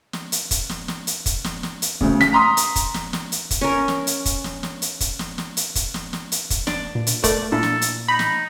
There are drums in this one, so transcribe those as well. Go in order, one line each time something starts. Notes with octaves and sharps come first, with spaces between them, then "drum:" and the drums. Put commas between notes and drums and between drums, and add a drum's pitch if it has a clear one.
drum: snare
drum: hi-hat
drum: kick, hi-hat
drum: snare
drum: snare
drum: hi-hat
drum: kick, hi-hat
drum: snare
drum: snare
drum: hi-hat
D2 C#3, drum: kick
B6, drum: snare
A#5 C6 D#6
drum: hi-hat
drum: kick, hi-hat
drum: snare
drum: snare
drum: hi-hat
drum: kick, hi-hat
C#4 A#4
drum: snare
drum: hi-hat
drum: kick, hi-hat
drum: snare
drum: snare
drum: hi-hat
drum: kick, hi-hat
drum: snare
drum: snare
drum: hi-hat
drum: kick, hi-hat
drum: snare
drum: snare
drum: hi-hat
drum: kick, hi-hat
D4, drum: snare
A#2
drum: hi-hat
A3 A#4 D5, drum: kick, hi-hat
A#2 D4 E4 A4
drum: snare
drum: hi-hat
D#4 B5
drum: snare